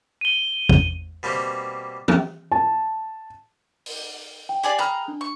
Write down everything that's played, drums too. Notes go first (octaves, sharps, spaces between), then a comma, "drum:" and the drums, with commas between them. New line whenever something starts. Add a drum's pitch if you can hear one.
D#7 G7
drum: kick
B2 G3 A#3 C4
drum: tom E3
A5
drum: open hi-hat
G5
G4 G#4 D5
G#4 G5 A#5 B5 F6 F#6
D4
C#6